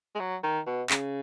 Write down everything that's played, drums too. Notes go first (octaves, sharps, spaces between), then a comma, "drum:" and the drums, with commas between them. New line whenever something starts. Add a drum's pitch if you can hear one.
G#3
F#3
D#3
B2
C#3, drum: clap